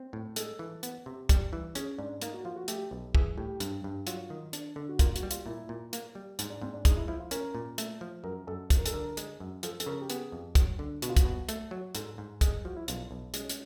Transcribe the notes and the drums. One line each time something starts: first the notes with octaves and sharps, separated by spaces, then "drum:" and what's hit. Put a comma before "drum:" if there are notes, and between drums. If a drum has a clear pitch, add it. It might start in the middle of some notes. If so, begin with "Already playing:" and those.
Already playing: C4
A2
G#3 A4, drum: hi-hat
E3
B3, drum: hi-hat
C3
G3, drum: kick, hi-hat
E3
C#4 G#4, drum: hi-hat
G#2 D4
A#3 D#4, drum: hi-hat
F#4
F3 F4
F#4
A3 G4, drum: hi-hat
B1
E3 G#4, drum: kick
A2 G4
G2, drum: hi-hat
G2
F#3 F4, drum: hi-hat
D#3
D4, drum: hi-hat
D3
F#4
A#3 F4, drum: kick, hi-hat
F#4, drum: hi-hat
G3
F4, drum: hi-hat
A#2 E4
A#2
A#3, drum: hi-hat
G3
G#2 D#4, drum: hi-hat
D4
G#2 C4
D4
G#3 D#4, drum: kick, hi-hat
E4
F3 E4
F4
C#4 A#4, drum: hi-hat
A#2
A3, drum: hi-hat
F3
F#2 A#4
F#2 A4
F3, drum: kick, hi-hat
A#4
A4, drum: hi-hat
D3 A#4
G#3, drum: hi-hat
F#2
F3 A4, drum: hi-hat
A4, drum: hi-hat
C#3 A#4
G4
B3 G#4, drum: hi-hat
F2
F#3, drum: kick, hi-hat
D3
B2 F#4, drum: hi-hat
F4
F#4, drum: kick, hi-hat
B2
A3, drum: hi-hat
F#3
G#2 A4, drum: hi-hat
G#2
G#3 G#4, drum: kick, hi-hat
F3 F#4
E4
B1 F4, drum: hi-hat
B1
G#3 C#4, drum: hi-hat
drum: hi-hat